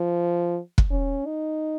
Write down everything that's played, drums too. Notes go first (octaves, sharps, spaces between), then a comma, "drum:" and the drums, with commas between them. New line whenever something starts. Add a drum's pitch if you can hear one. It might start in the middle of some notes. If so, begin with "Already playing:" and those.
Already playing: F3
drum: kick
C#4
D#4